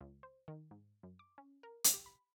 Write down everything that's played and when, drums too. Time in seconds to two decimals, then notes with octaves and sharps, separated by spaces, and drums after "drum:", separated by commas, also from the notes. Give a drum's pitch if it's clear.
0.01 C#2
0.23 C5
0.48 D#3
0.71 G#2
1.03 F#2
1.19 D6
1.38 C#4
1.63 A#4
1.84 drum: hi-hat
1.94 G4
2.06 B5